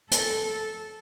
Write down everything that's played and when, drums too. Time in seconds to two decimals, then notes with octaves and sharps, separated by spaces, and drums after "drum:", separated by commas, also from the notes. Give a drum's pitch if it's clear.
0.11 A4, drum: hi-hat